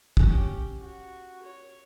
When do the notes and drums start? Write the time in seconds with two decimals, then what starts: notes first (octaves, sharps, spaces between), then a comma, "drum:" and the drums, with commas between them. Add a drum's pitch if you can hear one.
0.17 C#4 G4, drum: kick
0.80 F#4
1.43 C#5